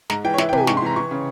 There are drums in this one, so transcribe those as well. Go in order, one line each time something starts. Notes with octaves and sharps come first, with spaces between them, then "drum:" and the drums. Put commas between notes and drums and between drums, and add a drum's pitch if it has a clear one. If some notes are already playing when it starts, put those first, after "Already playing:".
G#2 A#5, drum: snare
E3 G5
C#5
E3 E5, drum: snare
G5
C3 G#5, drum: tom
G#2 C#6, drum: snare
C6
E3 A#5
E3 C#6
C#3